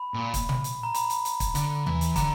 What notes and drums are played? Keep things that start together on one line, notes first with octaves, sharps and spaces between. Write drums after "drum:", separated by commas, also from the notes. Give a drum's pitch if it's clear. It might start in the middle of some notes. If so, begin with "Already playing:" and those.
Already playing: B5
A#2
drum: kick, hi-hat
drum: tom
drum: hi-hat
A#5
B5, drum: hi-hat
drum: hi-hat
drum: hi-hat
drum: kick, hi-hat
D3, drum: hi-hat
E3, drum: tom D#2
drum: hi-hat
D3 A#5, drum: kick, hi-hat